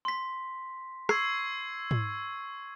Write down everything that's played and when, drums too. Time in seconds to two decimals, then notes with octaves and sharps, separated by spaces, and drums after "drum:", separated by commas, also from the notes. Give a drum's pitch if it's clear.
0.05 C6 B6
1.09 C#6 E6 G#6 C7, drum: rim click
1.91 drum: tom G#2